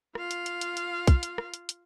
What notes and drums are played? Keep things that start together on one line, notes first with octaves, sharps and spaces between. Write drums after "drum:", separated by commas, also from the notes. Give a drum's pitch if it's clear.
F4 F5, drum: rim click
drum: hi-hat
drum: hi-hat
drum: hi-hat
drum: hi-hat
drum: kick, hi-hat
drum: hi-hat
drum: rim click
drum: hi-hat
drum: hi-hat